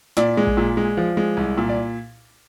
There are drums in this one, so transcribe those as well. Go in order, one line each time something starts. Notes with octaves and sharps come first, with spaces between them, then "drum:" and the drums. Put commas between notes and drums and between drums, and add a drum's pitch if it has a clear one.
A#2 D5, drum: snare
G#3
drum: kick A1
A#2
G#3
F3
G#3
C2
A#2
D5